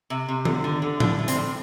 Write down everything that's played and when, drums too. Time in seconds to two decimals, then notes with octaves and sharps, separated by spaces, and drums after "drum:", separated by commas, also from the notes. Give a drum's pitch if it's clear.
0.10 C3
0.28 C3
0.45 D3, drum: tom D#3
0.64 D3
0.82 D3
1.00 A2 D4, drum: tom
1.19 A2
1.28 C4, drum: hi-hat
1.36 A2